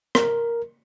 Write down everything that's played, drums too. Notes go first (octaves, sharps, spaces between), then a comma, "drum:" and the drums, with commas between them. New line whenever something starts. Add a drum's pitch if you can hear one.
A#4, drum: rim click